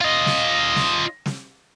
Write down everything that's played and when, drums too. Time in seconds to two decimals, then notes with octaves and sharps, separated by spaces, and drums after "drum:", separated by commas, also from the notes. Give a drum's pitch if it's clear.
0.01 F4 D#5
0.26 drum: snare
0.76 drum: snare
1.26 drum: snare